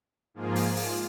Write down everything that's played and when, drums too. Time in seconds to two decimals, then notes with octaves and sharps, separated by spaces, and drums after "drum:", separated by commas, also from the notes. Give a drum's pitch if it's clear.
0.34 G#2 F3 A#3 F4 G#4
0.56 drum: open hi-hat
0.77 drum: open hi-hat